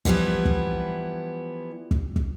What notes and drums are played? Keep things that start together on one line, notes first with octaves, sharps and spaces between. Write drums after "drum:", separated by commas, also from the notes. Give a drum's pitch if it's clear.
E3 F3 G3 B3 E4, drum: kick
drum: kick
drum: kick
drum: kick